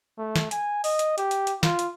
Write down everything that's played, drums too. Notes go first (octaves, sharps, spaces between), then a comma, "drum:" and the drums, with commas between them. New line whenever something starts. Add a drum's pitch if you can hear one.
A3
drum: snare
G#5, drum: hi-hat
D#5, drum: open hi-hat
drum: hi-hat
G4, drum: hi-hat
drum: hi-hat
drum: hi-hat
F4, drum: snare
drum: hi-hat